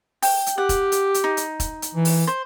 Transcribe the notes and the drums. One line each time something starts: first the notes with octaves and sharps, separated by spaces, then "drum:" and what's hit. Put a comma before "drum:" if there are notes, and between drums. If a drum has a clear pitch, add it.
G5, drum: open hi-hat
drum: hi-hat
G4 F#5
drum: kick E1, hi-hat
drum: hi-hat
drum: hi-hat
D#4
drum: hi-hat
drum: kick E1, hi-hat
drum: hi-hat
E3
drum: open hi-hat
C5